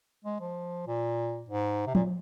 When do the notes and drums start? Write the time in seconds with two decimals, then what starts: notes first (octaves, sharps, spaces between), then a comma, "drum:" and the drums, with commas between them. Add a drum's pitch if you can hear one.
0.25 G#3
0.41 F3
0.87 A#2
1.49 G#2
1.87 C3
1.95 A#2, drum: tom F3